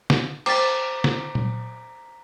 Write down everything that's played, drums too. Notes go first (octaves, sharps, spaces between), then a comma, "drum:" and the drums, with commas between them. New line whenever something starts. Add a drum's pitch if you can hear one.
drum: snare
C5 G5 A#5 D6 A6 B6, drum: cymbal
drum: snare
drum: tom A#2